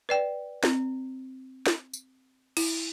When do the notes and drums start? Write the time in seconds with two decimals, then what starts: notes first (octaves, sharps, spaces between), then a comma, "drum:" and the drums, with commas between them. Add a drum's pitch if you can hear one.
0.09 B4 D5 G5
0.64 C4, drum: snare
1.66 drum: snare
1.93 drum: tambourine
2.57 E4, drum: cymbal